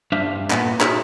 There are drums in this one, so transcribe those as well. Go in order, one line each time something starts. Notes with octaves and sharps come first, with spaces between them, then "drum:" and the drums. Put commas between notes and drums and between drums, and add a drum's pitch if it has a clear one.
G2 D4 C5 E5 F5
A#2 B3, drum: clap
D#4 E4 F#4 G#4 C#5 E5, drum: clap